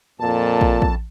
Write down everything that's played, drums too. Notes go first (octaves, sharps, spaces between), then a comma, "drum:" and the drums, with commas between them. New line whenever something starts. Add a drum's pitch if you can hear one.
F2 A#2 A5
drum: kick
drum: kick